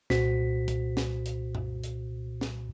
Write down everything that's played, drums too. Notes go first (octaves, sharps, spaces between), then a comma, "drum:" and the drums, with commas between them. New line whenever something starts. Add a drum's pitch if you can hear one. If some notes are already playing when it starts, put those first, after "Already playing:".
C2 A#2 F#4 C5 B6, drum: snare
drum: kick, hi-hat
drum: snare
drum: hi-hat
drum: tom F#2
drum: hi-hat
drum: snare